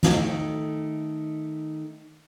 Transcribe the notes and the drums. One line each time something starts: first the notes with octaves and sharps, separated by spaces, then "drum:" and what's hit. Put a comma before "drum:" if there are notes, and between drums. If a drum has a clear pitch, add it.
D#3 A3, drum: snare